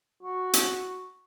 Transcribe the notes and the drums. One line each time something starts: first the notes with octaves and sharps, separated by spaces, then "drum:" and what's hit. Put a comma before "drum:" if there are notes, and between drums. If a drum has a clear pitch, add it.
F#4
drum: hi-hat